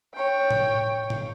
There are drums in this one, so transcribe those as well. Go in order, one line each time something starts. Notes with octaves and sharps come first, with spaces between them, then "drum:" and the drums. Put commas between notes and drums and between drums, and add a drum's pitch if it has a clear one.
C#5 G5
drum: tom A2
drum: tom A2